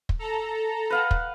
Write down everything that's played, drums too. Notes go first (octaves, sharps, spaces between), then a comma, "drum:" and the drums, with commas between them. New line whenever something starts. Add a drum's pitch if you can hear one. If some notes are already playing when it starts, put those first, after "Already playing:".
drum: kick
A4 A#5
B4 F5 F#5
drum: kick